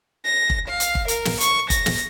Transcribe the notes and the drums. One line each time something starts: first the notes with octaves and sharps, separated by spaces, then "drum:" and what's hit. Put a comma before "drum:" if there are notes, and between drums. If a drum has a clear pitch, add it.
A#6
drum: kick
F5
drum: hi-hat
drum: kick
A#4, drum: hi-hat
drum: snare
C#6, drum: hi-hat
A#6, drum: kick, hi-hat
drum: snare